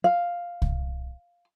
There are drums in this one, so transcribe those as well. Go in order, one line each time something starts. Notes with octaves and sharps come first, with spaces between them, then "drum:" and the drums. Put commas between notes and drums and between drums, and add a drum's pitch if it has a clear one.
F5
drum: kick C2